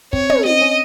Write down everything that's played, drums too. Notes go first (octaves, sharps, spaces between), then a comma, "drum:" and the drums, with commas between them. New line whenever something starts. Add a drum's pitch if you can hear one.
C4 C#5, drum: kick
C#4, drum: tom
C4 D#5
C#4